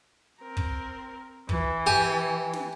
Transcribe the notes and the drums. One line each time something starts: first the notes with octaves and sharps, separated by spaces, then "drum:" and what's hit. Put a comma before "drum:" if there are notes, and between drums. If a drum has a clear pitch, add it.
C4 A#4
drum: kick
E3, drum: kick
G4 G#5
drum: snare